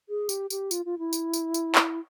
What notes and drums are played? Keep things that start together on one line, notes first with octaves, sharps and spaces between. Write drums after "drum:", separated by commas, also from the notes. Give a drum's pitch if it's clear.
G#4
G4, drum: tambourine
G4, drum: tambourine
F4, drum: tambourine
F4
E4
drum: tambourine
drum: tambourine
drum: tambourine
drum: clap